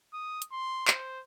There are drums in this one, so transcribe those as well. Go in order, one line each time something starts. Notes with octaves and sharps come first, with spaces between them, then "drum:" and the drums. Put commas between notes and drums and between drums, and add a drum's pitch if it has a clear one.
D#6
drum: hi-hat
C6
C5, drum: clap